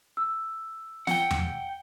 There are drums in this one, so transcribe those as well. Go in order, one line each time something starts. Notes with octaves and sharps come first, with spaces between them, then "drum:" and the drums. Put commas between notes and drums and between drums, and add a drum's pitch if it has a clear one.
E6
F#5 G5, drum: snare
drum: tom E2